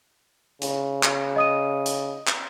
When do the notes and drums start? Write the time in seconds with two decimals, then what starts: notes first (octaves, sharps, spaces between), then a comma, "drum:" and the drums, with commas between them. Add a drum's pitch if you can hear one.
0.62 C#3, drum: hi-hat
1.03 drum: clap
1.36 D#5 D#6 D#7
1.86 drum: hi-hat
2.27 drum: clap